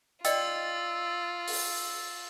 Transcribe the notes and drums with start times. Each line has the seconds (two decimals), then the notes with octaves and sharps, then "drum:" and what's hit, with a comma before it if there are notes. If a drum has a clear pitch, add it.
0.25 F4 D5 D#5 G5 E6 A6, drum: hi-hat
1.48 drum: open hi-hat